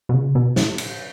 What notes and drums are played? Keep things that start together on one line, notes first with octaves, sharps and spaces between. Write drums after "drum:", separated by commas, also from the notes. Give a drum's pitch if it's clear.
B2
C#3
B2
A2, drum: snare
drum: cymbal